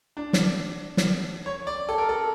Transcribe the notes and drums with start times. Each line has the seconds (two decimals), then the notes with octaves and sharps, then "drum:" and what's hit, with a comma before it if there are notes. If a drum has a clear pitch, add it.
0.17 D4
0.33 drum: snare
0.97 drum: snare
1.46 C#5
1.67 D5
1.89 A4
1.98 A#4
2.09 A4